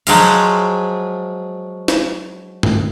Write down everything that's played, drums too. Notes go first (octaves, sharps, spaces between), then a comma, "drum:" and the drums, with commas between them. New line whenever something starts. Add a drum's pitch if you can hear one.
F3 F#3 G#3 F5, drum: cymbal
drum: snare
drum: tom